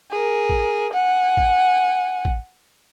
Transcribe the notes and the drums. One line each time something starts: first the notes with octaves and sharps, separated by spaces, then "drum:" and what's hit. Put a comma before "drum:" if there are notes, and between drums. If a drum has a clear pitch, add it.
G#4 A#4
drum: kick A1
F#5 G#5
drum: kick A1
drum: kick A1